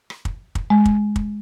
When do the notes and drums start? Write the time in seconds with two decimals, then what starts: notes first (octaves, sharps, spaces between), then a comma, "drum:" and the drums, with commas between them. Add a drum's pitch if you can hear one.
0.10 drum: rim click
0.25 drum: kick
0.55 drum: kick
0.70 G#3
0.85 drum: kick
1.16 drum: kick